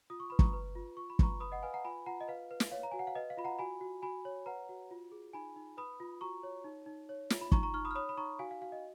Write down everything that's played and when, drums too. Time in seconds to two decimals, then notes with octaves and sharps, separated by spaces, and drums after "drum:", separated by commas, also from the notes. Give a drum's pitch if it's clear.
0.10 F4 D#6
0.20 C#6
0.30 B4 B5
0.39 A#5 C#6, drum: kick
0.53 B4
0.75 F4
0.97 F4 C#6
1.10 B5
1.19 B4 A#5 C#6, drum: kick
1.40 B4 B5 D#6
1.52 D#5 F#5
1.62 B4 F5 G#5
1.73 F#5 A#5
1.84 F4 G#5 B5
2.06 F4 F#5 A#5
2.21 D#5
2.28 B4 F5
2.51 B4
2.60 drum: snare
2.71 C#5 F5
2.83 A#5
2.91 F#4 G#5
2.99 F#5
3.07 F5
3.15 B4 D#5
3.30 F5
3.37 F4 B5
3.44 F#5 A#5
3.59 F#4 G#5 B5
3.81 F#4
4.02 F#4 G#5 B5
4.25 C#5
4.46 B4 F#5 A#5
4.69 F#4
4.91 F4
5.12 G#4
5.33 D#4 G#5 B5
5.56 D#4
5.77 B4 B5 D#6
6.00 F4
6.21 F#4 A#5 C#6
6.43 C#5
6.64 D#4
6.86 D#4
7.09 C#5
7.30 F4, drum: snare
7.41 B5
7.52 D#4 A#5 C#6, drum: kick
7.63 A#5 C#6
7.74 D#4 C#6 F6
7.85 B5 D#6
7.91 F6
7.95 C#5 B5 D#6
8.09 B5
8.17 D#4 A#5 C#6
8.39 F#4 F5 G#5
8.51 F5
8.61 F#4 F5
8.72 D#5